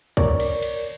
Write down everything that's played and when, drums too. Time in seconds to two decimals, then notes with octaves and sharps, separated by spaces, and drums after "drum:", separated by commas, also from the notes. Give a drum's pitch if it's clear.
0.17 A#4 C#5 D5, drum: kick
0.40 drum: cymbal
0.62 drum: cymbal